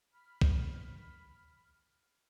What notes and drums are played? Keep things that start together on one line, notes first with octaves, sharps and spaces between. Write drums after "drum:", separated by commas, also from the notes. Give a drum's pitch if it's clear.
B5 F6
drum: kick B1